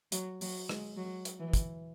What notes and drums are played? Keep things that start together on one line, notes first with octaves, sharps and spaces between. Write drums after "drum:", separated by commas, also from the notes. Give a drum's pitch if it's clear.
F#3, drum: hi-hat
F#3, drum: open hi-hat
G#3, drum: rim click
F#3
drum: hi-hat
E3
drum: kick, hi-hat